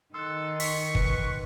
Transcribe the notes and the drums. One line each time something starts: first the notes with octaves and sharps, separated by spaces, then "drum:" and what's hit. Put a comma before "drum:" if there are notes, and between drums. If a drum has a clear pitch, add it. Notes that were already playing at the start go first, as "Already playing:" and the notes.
D#3 D#4 A4 C6 E6 F#6
C#6 B6, drum: open hi-hat
B4, drum: kick